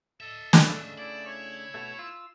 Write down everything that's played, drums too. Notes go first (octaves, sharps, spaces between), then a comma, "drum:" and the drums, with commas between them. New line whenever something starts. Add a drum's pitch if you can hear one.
A4 D#5 E5
drum: snare
C#3 A3 D4
E4 D5
C#5
B2 A3
F4 E6